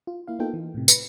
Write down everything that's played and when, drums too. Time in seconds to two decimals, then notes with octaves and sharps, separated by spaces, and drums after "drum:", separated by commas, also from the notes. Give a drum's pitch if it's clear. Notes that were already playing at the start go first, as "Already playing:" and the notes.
0.07 F4
0.27 A#3 E4 F5
0.39 A#3 B3 D#4 F4 A4 G5
0.54 E3
0.74 A2 C3
0.88 B4, drum: tambourine